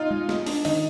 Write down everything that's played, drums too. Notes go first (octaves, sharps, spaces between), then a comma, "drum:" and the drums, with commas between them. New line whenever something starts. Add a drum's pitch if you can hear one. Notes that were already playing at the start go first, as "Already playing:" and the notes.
Already playing: D#4 F4
G#3
G#3, drum: snare
D4, drum: open hi-hat
D#3 D#4, drum: open hi-hat